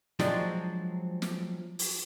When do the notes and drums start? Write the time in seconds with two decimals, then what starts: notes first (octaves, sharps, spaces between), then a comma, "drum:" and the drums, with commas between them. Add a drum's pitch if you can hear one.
0.19 F3 F#3 G#3 C4 D4, drum: snare
1.22 drum: snare
1.79 drum: open hi-hat